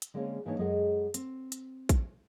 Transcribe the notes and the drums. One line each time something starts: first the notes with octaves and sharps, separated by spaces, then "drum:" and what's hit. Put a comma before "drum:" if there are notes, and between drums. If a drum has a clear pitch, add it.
drum: hi-hat
D3 G#3 A#3 C4 C#4 C#5
G#2 E3 A#3 D4 D#4 C#5
F#2 G#3 G#4 A4 D#5 F#5
C4, drum: hi-hat
drum: hi-hat
drum: kick, hi-hat